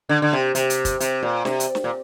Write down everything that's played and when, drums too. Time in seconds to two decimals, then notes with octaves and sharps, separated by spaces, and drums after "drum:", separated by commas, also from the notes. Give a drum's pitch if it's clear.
0.09 D3
0.22 D3
0.33 C3
0.55 C3, drum: hi-hat
0.70 drum: hi-hat
0.85 drum: kick, hi-hat
1.00 C3, drum: hi-hat
1.23 A#2
1.45 C3, drum: snare
1.60 drum: hi-hat
1.75 drum: snare
1.84 A#2